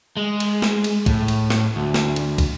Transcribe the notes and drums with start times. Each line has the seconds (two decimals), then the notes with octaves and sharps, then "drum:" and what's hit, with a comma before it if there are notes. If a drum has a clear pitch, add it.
0.17 G#3
0.40 drum: cymbal
0.62 drum: snare
0.84 drum: cymbal
1.06 A2, drum: kick, cymbal
1.28 drum: cymbal
1.50 drum: snare
1.76 D2
1.94 drum: snare
2.16 drum: cymbal
2.38 drum: kick, cymbal